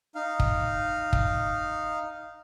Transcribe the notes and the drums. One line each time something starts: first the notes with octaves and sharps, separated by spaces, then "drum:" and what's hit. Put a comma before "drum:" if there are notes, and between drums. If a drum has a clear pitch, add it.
D#4 F5
drum: kick
drum: kick